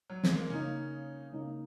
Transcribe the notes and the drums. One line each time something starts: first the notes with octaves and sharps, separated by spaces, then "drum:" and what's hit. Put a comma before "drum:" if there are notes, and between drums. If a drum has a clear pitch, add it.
F#3
G#3, drum: snare
A#3
C#3 A#3 C#4 D#4
C#3 A#3 D#4